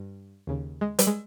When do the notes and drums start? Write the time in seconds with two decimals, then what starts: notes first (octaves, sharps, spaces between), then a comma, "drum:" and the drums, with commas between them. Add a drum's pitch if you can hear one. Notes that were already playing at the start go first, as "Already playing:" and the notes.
Already playing: G2
0.47 D#2 C#3
0.81 G#3
0.99 G3, drum: hi-hat
1.07 G#3